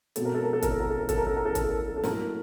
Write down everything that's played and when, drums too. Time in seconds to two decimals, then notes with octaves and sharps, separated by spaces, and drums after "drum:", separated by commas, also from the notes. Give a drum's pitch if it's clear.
0.16 B2 G#3 C4 A4, drum: hi-hat
0.25 A#4
0.35 A4
0.44 A#4
0.53 A4
0.62 A#4, drum: kick, hi-hat
0.71 A4
0.80 A#4
0.90 A4
0.99 A#4
1.09 A4, drum: kick, hi-hat
1.18 A#4
1.27 A4
1.37 A#4
1.45 A4
1.55 A#4, drum: kick, hi-hat
1.64 A4
1.97 A4
2.04 A2 F#3 A#3 A#4, drum: snare